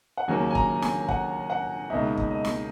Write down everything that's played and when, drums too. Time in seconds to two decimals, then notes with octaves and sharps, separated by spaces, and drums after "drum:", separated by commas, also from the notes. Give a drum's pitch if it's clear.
0.17 F#5
0.28 D#2 C#3 F#3 A#3 G#5
0.50 G#5
0.55 A#5, drum: kick
0.82 G#5, drum: snare
1.08 F#5, drum: kick
1.50 F#5
1.90 C#2 B2 A#3 D#4 E5
2.17 drum: kick
2.30 D#5
2.45 drum: snare